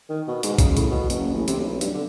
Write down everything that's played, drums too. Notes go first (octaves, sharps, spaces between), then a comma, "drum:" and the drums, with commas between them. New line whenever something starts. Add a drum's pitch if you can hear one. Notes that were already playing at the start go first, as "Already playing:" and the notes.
D#3
B2
G#2, drum: hi-hat
C#3, drum: kick A#1, hi-hat
A2, drum: hi-hat
B2
F#1, drum: hi-hat
A1
C3, drum: hi-hat
B1
G2, drum: hi-hat
D3